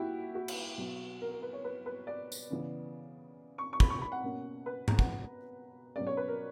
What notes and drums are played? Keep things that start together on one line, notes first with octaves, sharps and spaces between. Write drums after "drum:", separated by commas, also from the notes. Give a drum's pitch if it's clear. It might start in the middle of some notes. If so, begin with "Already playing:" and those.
Already playing: A#2 E4 F#4 G4
F#4
drum: cymbal
B2 F#3 B3
A#4
A#4
B4
C#5
B4
B4
D5
drum: tambourine
C#3 E3 B3
C#6
C#6
B5, drum: kick
C#6
B5
F#5
B2 A#3 C#4
B4
A#5, drum: tom G#2
F#5, drum: kick
B2 F#3 C#4 D5
C#5
B4
A#4